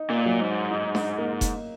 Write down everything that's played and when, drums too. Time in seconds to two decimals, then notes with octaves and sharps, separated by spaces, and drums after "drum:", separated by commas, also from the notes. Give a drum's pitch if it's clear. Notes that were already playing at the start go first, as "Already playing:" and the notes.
Already playing: D#4
0.10 A#2
0.26 F#3
0.41 G#2
0.71 D#4
0.95 drum: snare D4
1.18 A#3
1.41 drum: kick F1, hi-hat